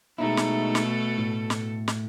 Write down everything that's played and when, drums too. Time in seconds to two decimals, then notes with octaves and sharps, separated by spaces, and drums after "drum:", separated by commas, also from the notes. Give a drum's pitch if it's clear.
0.18 B2 G#3 A3 D#4 E4 A4
0.37 drum: snare
0.75 drum: snare
1.18 A2
1.50 drum: snare
1.88 drum: snare